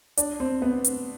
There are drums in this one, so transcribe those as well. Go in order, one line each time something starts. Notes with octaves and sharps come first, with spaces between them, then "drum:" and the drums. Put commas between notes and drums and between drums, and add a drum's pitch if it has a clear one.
D4, drum: hi-hat
C4
B3
drum: hi-hat